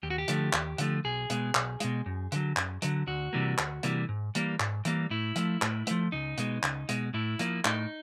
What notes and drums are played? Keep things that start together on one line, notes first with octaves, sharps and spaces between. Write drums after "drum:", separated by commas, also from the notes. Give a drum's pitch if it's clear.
D#2 G4
F#4
G4
D3 F3 A3, drum: hi-hat
D#2, drum: clap
D3 F3 A3, drum: hi-hat
B1 G#4
B2 G#3, drum: hi-hat
B1, drum: clap
B2 G#3, drum: hi-hat
F#2
D3 F#3, drum: hi-hat
F#2, drum: clap
D3 F#3, drum: hi-hat
D2 F#4
C3 E3 G3 A#3
D2, drum: clap
C3 E3 G3 A#3, drum: hi-hat
G#2
E3 G3 A#3, drum: hi-hat
G#2, drum: clap
E3 G3 A#3, drum: hi-hat
A2 E4
F3 A3, drum: hi-hat
A2, drum: clap
F3 A3, drum: hi-hat
C#2 D#4
B2 G#3, drum: hi-hat
C#2, drum: clap
B2 G#3, drum: hi-hat
A2 E4
F3 A#3, drum: hi-hat
A2 D#4, drum: clap